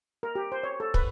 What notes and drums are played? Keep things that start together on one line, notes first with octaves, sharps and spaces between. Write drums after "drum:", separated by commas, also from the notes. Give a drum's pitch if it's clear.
A#4
G4
C5
C#5
A4
B4, drum: kick